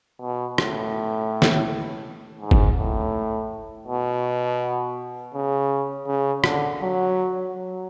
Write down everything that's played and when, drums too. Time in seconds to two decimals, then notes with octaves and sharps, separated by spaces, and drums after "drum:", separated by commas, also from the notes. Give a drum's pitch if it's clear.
0.22 B2
0.58 A2, drum: rim click
1.42 drum: snare
2.41 G#2
2.51 drum: kick
2.78 A2
3.87 B2
5.35 C#3
6.07 C#3
6.44 D3, drum: rim click
6.81 F#3
7.54 F#3